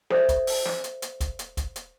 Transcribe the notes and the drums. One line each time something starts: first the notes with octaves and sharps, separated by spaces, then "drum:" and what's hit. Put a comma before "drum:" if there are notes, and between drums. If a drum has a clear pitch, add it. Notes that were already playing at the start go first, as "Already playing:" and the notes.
A4 C5 D5 E5, drum: snare
drum: kick, hi-hat
drum: open hi-hat
drum: snare
drum: hi-hat
drum: hi-hat
drum: kick, hi-hat
drum: hi-hat
drum: kick, hi-hat
drum: hi-hat